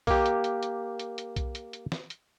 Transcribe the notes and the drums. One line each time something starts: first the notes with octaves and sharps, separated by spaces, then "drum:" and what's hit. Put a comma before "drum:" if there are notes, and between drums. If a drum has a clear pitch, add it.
A#3 G4, drum: kick B1, open hi-hat
drum: hi-hat
drum: hi-hat
drum: hi-hat
drum: hi-hat
drum: hi-hat
drum: kick B1, hi-hat
drum: hi-hat
drum: hi-hat
drum: snare
drum: hi-hat